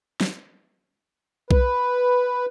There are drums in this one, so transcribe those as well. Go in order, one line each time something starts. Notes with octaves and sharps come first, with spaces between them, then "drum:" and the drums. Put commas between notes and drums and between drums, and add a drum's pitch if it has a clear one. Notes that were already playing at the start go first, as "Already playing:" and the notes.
drum: snare
B4, drum: kick B1